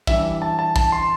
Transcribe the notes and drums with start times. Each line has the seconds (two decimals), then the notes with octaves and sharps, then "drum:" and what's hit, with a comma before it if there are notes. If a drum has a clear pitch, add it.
0.07 E3 G3 D4 E5, drum: kick
0.42 A5
0.59 A5
0.76 A5, drum: kick
0.92 C6